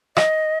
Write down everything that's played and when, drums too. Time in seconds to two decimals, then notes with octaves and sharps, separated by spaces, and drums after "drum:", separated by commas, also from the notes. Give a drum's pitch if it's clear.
0.17 D#5, drum: rim click